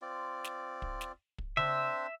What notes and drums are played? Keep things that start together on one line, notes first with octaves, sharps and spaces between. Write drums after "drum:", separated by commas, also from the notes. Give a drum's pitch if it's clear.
C4 F4 D5
drum: snare
drum: kick
drum: snare
drum: kick
C4 D4 C5 E5, drum: tom C#3